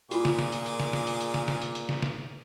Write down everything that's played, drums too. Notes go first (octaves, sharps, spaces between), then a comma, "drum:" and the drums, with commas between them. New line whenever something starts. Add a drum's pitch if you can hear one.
A#2 F4 F#4 G#4 D6, drum: hi-hat
drum: snare
drum: snare
drum: hi-hat
drum: hi-hat
drum: snare
drum: snare
drum: hi-hat
drum: hi-hat
drum: snare
drum: snare
drum: hi-hat
drum: hi-hat
drum: snare
drum: snare